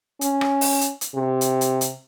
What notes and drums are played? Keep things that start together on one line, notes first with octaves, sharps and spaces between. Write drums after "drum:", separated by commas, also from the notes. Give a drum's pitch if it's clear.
C#4, drum: hi-hat
drum: rim click
drum: open hi-hat
drum: hi-hat
drum: hi-hat
C3
drum: hi-hat
drum: hi-hat
drum: hi-hat